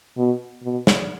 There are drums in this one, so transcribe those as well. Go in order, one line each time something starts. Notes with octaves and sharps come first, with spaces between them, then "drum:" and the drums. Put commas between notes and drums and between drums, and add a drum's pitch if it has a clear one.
B2
B2
drum: snare